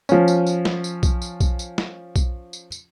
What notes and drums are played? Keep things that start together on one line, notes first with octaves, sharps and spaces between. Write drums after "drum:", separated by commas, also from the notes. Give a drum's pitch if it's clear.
F3 C#4, drum: tambourine
drum: tambourine
drum: tambourine
drum: snare
drum: tambourine
drum: kick B1, tambourine
drum: tambourine
drum: kick B1, tambourine
drum: tambourine
drum: snare
drum: kick B1, tambourine
drum: tambourine
drum: tambourine